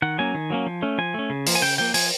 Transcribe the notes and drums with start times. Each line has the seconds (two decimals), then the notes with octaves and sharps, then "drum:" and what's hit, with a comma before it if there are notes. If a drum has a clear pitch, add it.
0.02 D#3 F#5
0.18 F#3 A#3 C#4 G#5
0.35 D#3
0.50 F#3 A#3 C#4
0.66 F3
0.82 A3 C#4
0.98 F3 G#5
1.14 A3 C#4
1.30 C#3
1.46 F3 A#3, drum: open hi-hat
1.55 G#5
1.62 C#3 G5
1.78 F3 A#3 G5
1.94 F3 G#5, drum: open hi-hat